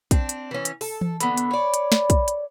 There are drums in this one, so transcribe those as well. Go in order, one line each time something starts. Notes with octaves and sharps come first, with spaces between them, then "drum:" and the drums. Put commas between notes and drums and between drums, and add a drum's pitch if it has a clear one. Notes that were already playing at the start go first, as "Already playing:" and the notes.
C4 D4, drum: kick, hi-hat
drum: hi-hat
E3 C#4
drum: hi-hat
A4, drum: open hi-hat
drum: tom E3
D3 B3 B5, drum: hi-hat
drum: hi-hat
C#5 D5
drum: hi-hat
drum: snare
drum: kick, hi-hat
drum: hi-hat